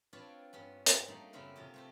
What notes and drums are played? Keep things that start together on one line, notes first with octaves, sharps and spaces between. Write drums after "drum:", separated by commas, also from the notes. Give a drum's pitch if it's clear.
C4 D4 F4 B4 C#5 D5
G2 B3 C#4
drum: hi-hat
G3 A3 A#3 D4 D#4
F#2 C#3 F#3 C4 C#4 E4
C3 F3 G4
A3 C4 G4